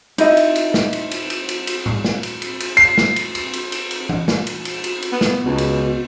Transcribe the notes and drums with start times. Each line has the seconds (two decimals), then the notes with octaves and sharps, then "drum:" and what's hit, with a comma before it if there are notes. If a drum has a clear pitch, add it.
0.18 D#4 E4 D#5 E5, drum: cymbal
0.37 drum: cymbal
0.56 drum: cymbal
0.74 drum: snare
0.93 drum: cymbal
1.11 drum: cymbal
1.30 drum: cymbal
1.49 drum: cymbal
1.67 drum: cymbal
1.86 drum: tom G#2
2.05 drum: snare
2.23 drum: cymbal
2.42 drum: cymbal
2.60 drum: cymbal
2.77 C7, drum: cymbal
2.98 drum: snare
3.16 drum: cymbal
3.35 drum: cymbal
3.53 drum: cymbal
3.72 drum: cymbal
3.91 drum: cymbal
4.09 drum: tom E3
4.28 drum: snare
4.47 drum: cymbal
4.65 drum: cymbal
4.84 drum: cymbal
5.02 drum: cymbal
5.12 B3
5.21 drum: snare
5.46 C#2 B2
5.58 drum: cymbal